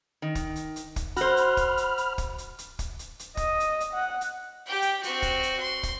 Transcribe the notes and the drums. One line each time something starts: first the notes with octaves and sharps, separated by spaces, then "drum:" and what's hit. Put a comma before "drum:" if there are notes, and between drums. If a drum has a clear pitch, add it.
D#3
drum: kick, hi-hat
drum: hi-hat
drum: hi-hat
drum: kick, hi-hat
F#4 C5 B5 F6, drum: hi-hat
drum: hi-hat
drum: kick, hi-hat
drum: hi-hat
drum: hi-hat
drum: kick, hi-hat
drum: hi-hat
drum: hi-hat
drum: kick, hi-hat
drum: hi-hat
drum: hi-hat
D#5, drum: kick, hi-hat
drum: hi-hat
drum: hi-hat
F#5
drum: hi-hat
G4 G5
drum: hi-hat
C4 F#4, drum: hi-hat
drum: kick, hi-hat
drum: hi-hat
C6
drum: kick, hi-hat